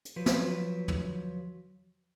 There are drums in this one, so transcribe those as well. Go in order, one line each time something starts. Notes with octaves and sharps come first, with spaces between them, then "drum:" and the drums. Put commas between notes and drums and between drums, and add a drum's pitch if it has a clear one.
drum: hi-hat
F3 F#3 B4
drum: snare
drum: tom